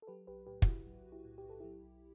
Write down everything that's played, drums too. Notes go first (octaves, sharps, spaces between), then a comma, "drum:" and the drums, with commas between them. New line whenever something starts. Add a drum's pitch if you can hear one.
A4
F#3 G4 B4
B1 G4 B4
A2 G4 B4
F#4, drum: kick
B1 E4 G4
F#3
B1
E4 G4
A2
G4
B1 A4
F#3 E4 G4
B1